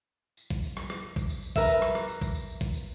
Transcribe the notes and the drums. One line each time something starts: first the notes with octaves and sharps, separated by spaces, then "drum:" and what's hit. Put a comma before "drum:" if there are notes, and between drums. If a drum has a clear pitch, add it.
drum: tambourine
drum: kick A1
drum: tambourine
drum: rim click
drum: rim click
drum: kick A1, tambourine
drum: tambourine
drum: tambourine
A#4 B4 E5, drum: kick A1, tambourine
drum: tambourine
drum: rim click
drum: rim click
drum: tambourine
drum: kick A1, tambourine
drum: tambourine
drum: tambourine
drum: kick A1, tambourine
drum: tambourine